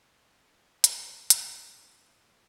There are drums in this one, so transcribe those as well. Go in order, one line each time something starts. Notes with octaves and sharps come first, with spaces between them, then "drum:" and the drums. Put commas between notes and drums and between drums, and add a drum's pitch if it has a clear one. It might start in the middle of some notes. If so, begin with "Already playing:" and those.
Already playing: C2 C3 F3 C4 D#4
C3 F3 C4 D#4
A#1, drum: hi-hat
A#2 A3 C4 F4, drum: hi-hat
A#1
A#2 A3 C4 F4